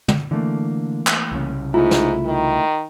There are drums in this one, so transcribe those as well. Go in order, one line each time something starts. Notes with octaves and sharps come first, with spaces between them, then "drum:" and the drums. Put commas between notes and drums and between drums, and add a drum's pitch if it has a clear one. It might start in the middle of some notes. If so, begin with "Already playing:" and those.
drum: tom
D3 E3 A3 A#3
drum: clap
C2 C#3
G#2 A3 E4 F4
drum: snare
D#3